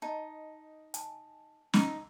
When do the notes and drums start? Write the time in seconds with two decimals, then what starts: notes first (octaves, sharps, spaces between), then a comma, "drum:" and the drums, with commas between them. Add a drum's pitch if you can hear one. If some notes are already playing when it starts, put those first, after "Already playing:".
0.02 D#4 D#5 A5
0.94 G#5 A5, drum: hi-hat
1.74 D#4, drum: snare